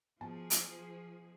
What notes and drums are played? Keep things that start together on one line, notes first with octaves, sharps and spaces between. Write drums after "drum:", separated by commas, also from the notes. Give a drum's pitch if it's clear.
B2 F3 G#4 A5
drum: hi-hat